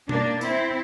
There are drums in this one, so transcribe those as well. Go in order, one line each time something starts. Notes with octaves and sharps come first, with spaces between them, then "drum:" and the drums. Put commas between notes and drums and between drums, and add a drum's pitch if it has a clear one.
A#3 D4, drum: tom B2
C4 E4, drum: tambourine